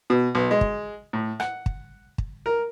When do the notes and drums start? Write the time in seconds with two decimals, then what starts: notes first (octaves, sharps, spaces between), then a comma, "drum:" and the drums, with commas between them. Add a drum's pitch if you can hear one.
0.10 B2
0.35 B1
0.51 G#3
0.61 drum: kick
1.13 A2
1.40 F#5, drum: rim click
1.66 drum: kick
2.18 drum: kick
2.46 A#4